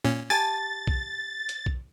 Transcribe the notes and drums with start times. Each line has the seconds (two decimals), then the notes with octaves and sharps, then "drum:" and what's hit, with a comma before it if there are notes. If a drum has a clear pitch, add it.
0.05 A#2 C#4
0.30 G4 G#5 A5 A6
0.87 drum: kick B1
1.49 drum: hi-hat
1.66 drum: kick B1